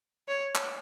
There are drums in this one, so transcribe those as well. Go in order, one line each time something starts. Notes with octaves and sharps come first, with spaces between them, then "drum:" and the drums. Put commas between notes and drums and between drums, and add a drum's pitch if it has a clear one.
C#5
drum: clap